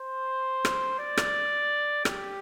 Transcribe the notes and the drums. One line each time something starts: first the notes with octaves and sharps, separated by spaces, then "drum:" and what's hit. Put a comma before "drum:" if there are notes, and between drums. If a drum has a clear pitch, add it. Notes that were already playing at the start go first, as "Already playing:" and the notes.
Already playing: C5
drum: rim click
D5
drum: rim click
G4, drum: rim click